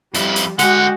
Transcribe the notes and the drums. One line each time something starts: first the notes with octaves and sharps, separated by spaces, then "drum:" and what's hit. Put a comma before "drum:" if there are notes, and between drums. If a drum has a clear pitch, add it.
F2 G3 E4, drum: hi-hat
drum: hi-hat
D3 G#3 F#4 F#5 G5, drum: hi-hat